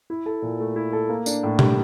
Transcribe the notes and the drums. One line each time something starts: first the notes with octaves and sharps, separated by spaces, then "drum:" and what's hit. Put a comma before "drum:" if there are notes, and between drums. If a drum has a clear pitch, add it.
E4
A4
A#2
A3
E4
A4
A#3
D4, drum: tambourine
A2
G3, drum: tom B2